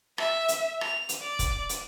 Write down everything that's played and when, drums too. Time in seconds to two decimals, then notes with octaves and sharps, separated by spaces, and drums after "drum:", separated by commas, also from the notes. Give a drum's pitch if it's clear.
0.18 E5, drum: rim click
0.48 drum: hi-hat
0.81 F7, drum: rim click
1.09 drum: hi-hat
1.21 D5
1.39 drum: kick, hi-hat
1.69 drum: hi-hat